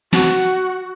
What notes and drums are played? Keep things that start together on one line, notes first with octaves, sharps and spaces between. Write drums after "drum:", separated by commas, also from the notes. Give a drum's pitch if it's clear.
F#4, drum: snare